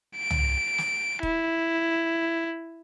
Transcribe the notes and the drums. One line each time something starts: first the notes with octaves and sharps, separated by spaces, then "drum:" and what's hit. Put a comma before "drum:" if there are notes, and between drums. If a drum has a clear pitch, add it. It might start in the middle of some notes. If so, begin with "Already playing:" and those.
D7
drum: tom
drum: snare
E4, drum: kick D#1